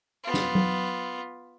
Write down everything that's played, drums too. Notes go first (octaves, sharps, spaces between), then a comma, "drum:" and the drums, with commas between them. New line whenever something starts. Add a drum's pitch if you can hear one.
B3 F4
drum: snare
drum: tom F#3